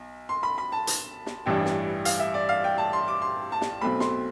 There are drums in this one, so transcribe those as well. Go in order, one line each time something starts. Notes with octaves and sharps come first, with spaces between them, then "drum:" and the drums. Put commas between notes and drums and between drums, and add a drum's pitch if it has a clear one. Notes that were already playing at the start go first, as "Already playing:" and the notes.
Already playing: B1
C6
B5
B5
A5
drum: hi-hat
drum: snare
A1 G2 E3 G3 D4 G5
drum: snare
F5, drum: hi-hat
E5
D5
F5
G5
A5
C6
D6
C6
A5
drum: snare
B1 B2 A3 C4 B5
C6, drum: snare